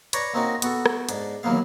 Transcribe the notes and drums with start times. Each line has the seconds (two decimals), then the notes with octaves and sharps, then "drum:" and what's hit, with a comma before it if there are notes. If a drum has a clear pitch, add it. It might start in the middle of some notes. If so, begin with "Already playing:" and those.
0.13 B4 C#5 D5 A#5 C#6 D6, drum: hi-hat
0.34 A#3 C4 C#4 D#4 F#4 A#4
0.62 B3 F#4 A4, drum: hi-hat
0.86 drum: rim click
1.09 G#2 D4, drum: hi-hat
1.43 D#2 E3 F#3 A#3 B3 F5